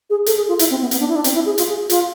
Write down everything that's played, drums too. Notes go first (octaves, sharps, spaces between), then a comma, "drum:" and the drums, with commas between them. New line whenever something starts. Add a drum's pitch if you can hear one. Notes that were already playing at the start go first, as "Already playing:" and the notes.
G#4
A4, drum: hi-hat
G#4
F4
E4, drum: hi-hat
C4
B3
B3, drum: hi-hat
D4
E4
D4
C4, drum: hi-hat
E4
G#4
F4, drum: hi-hat
G#4
F4, drum: hi-hat